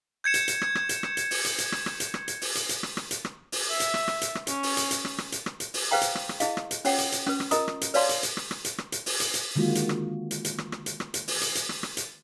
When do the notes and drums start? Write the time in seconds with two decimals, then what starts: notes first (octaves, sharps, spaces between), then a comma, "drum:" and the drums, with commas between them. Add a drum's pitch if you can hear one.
0.24 G6 G#6 C#7 E7
0.34 drum: hi-hat
0.48 drum: hi-hat
0.62 drum: rim click
0.75 drum: rim click
0.89 drum: hi-hat
1.03 drum: rim click
1.17 drum: hi-hat
1.31 drum: open hi-hat
1.45 drum: hi-hat
1.58 drum: hi-hat
1.72 drum: rim click
1.86 drum: rim click
2.00 drum: hi-hat
2.14 drum: rim click
2.28 drum: hi-hat
2.41 drum: open hi-hat
2.55 drum: hi-hat
2.69 drum: hi-hat
2.83 drum: rim click
2.97 drum: rim click
3.11 drum: hi-hat
3.25 drum: rim click
3.52 drum: open hi-hat
3.70 E5
3.80 drum: hi-hat
3.94 drum: rim click
4.08 drum: rim click
4.21 drum: hi-hat
4.35 drum: rim click
4.47 C#4, drum: hi-hat
4.63 drum: open hi-hat
4.77 drum: hi-hat
4.91 drum: hi-hat
5.05 drum: rim click
5.18 drum: rim click
5.32 drum: hi-hat
5.46 drum: rim click
5.60 drum: hi-hat
5.74 drum: open hi-hat
5.91 G#4 B4 C5 F5 G5 A#5
6.01 drum: hi-hat
6.15 drum: rim click
6.29 drum: rim click
6.40 E4 G#4 D#5 F5, drum: hi-hat
6.57 drum: rim click
6.71 drum: hi-hat
6.85 C#4 F4 C#5 F#5 G5, drum: open hi-hat
6.98 drum: hi-hat
7.12 drum: hi-hat
7.27 C#4 B4, drum: rim click
7.40 drum: rim click
7.51 F4 A#4 D#5 A#5 D#6, drum: hi-hat
7.68 drum: rim click
7.81 drum: hi-hat
7.94 B4 C#5 D5 F5 A5 C6, drum: open hi-hat
8.09 drum: hi-hat
8.23 drum: hi-hat
8.37 drum: rim click
8.51 drum: rim click
8.65 drum: hi-hat
8.78 drum: rim click
8.92 drum: hi-hat
9.06 drum: open hi-hat
9.20 drum: hi-hat
9.34 drum: hi-hat
9.55 D3 D#3 G#3 A#3 F4 F#4
9.75 drum: hi-hat
9.89 drum: rim click
10.31 drum: hi-hat
10.45 drum: hi-hat
10.58 drum: rim click
10.72 drum: rim click
10.86 drum: hi-hat
11.00 drum: rim click
11.14 drum: hi-hat
11.28 drum: open hi-hat
11.41 drum: hi-hat
11.55 drum: hi-hat
11.69 drum: rim click
11.83 drum: rim click
11.97 drum: hi-hat